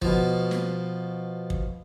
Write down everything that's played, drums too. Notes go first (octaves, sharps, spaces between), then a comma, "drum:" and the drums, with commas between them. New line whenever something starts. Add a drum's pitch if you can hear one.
B2 F3, drum: kick
drum: snare
drum: kick